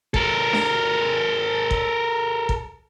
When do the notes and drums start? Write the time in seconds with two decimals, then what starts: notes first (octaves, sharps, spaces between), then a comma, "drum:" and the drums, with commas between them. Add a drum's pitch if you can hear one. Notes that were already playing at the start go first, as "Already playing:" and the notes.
0.14 A4 A#4, drum: kick
0.53 drum: snare D4
1.71 drum: kick
2.49 drum: kick